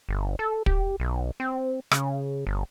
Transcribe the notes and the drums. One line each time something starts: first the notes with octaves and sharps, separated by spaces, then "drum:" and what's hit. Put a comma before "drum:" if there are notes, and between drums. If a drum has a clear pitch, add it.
G1
A4
G4, drum: kick
B1
C4
C#3, drum: rim click
G1